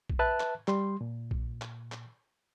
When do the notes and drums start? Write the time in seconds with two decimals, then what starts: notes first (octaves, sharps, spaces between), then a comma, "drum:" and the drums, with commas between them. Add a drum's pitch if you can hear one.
0.10 drum: kick A#1
0.19 B4 E5 A5 F#6
0.40 drum: clap
0.68 G3 C6, drum: clap
1.01 A#2
1.31 drum: kick A#1
1.61 drum: clap
1.92 drum: clap